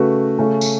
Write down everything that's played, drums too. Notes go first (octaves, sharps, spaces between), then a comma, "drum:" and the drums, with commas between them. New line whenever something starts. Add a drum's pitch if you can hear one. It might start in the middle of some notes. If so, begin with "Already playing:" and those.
Already playing: C#3 A3 F#4 B4
C#3 A3 C#4
drum: tambourine